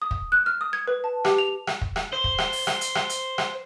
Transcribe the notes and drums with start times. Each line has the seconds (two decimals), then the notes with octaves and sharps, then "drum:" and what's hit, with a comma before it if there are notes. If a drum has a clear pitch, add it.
0.02 D#6
0.11 drum: kick
0.32 F#6
0.46 F6
0.61 D#6
0.73 G#6
0.87 B4
1.04 A5
1.25 G4, drum: rim click
1.38 F7
1.67 drum: rim click
1.81 drum: kick
1.96 drum: rim click
2.13 C5
2.24 drum: kick
2.38 drum: rim click
2.53 drum: open hi-hat
2.67 drum: rim click
2.81 drum: hi-hat
2.95 drum: rim click
3.10 drum: hi-hat
3.38 drum: rim click